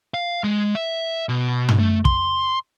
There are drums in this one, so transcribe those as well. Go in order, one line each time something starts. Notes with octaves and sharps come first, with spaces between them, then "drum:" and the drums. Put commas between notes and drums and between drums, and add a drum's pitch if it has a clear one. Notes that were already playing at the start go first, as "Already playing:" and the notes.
F5
G#3
E5
B2
drum: tom
A3
C6, drum: kick